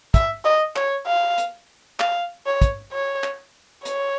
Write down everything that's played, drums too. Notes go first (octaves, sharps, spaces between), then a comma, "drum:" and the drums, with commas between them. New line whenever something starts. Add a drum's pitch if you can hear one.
E5, drum: kick, hi-hat
D#5
C#5, drum: clap
F5
drum: hi-hat
F5, drum: clap
C#5
drum: kick, hi-hat
C#5
drum: clap
C#5, drum: hi-hat